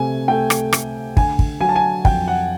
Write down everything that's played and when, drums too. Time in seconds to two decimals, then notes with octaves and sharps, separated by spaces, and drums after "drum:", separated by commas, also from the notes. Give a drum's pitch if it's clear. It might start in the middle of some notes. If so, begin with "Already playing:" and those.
Already playing: C3 A3 G#5
0.28 A3 G5
0.50 drum: rim click
0.73 A3, drum: rim click
1.17 D3 G#5, drum: kick
1.39 drum: kick
1.61 F#3 G#5
1.69 A5
1.76 G#5
2.05 F2 G5, drum: kick
2.28 F#5